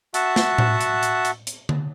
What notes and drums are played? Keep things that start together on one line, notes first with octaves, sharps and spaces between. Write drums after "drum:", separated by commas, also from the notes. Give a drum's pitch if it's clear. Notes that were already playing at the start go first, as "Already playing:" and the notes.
F#4 E5 F#5 A5, drum: hi-hat
drum: snare
drum: tom A2
drum: hi-hat
drum: hi-hat
drum: hi-hat
drum: hi-hat
drum: tom D3